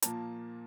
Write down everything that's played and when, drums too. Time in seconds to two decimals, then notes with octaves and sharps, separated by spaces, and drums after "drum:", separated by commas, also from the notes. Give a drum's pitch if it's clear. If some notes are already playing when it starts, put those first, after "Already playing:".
0.02 A#2 F3 A#3 A5, drum: hi-hat